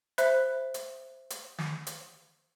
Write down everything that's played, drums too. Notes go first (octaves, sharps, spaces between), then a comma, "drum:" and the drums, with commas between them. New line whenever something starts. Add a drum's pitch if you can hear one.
C5 E5 B5 F#6, drum: hi-hat
drum: hi-hat
drum: hi-hat
drum: snare
drum: hi-hat